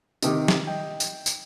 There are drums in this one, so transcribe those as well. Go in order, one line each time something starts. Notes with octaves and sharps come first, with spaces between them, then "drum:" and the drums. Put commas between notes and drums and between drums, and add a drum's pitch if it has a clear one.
C3 D#3 G4, drum: tambourine
drum: snare
D#5 G5
drum: tambourine
drum: tambourine